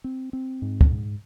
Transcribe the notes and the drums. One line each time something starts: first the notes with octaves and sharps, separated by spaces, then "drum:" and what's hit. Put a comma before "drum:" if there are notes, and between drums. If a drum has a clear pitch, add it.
C4
C4
G#2
drum: kick C#2
G#2